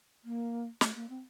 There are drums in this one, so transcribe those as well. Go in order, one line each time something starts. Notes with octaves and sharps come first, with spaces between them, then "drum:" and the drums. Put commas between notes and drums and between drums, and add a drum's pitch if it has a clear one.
A#3
A3, drum: snare
A#3
C4